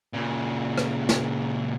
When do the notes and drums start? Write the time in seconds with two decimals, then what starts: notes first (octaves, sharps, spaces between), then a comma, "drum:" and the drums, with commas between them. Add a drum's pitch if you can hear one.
0.14 A#2 C#3
0.78 drum: rim click
1.09 drum: snare